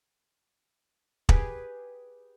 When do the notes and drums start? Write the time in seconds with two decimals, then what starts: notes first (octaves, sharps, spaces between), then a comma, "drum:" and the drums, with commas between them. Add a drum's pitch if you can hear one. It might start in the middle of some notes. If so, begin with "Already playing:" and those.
1.29 G4 G#4 B4, drum: kick